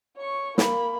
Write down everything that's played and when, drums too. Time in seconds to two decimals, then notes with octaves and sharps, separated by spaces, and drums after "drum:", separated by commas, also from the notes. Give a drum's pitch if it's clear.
0.17 C#5 C#6
0.58 A#3 B5, drum: snare